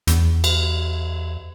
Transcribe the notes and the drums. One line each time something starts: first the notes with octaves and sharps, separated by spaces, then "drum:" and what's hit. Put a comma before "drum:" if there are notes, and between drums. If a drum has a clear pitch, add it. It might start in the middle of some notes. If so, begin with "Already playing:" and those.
E2, drum: hi-hat
drum: cymbal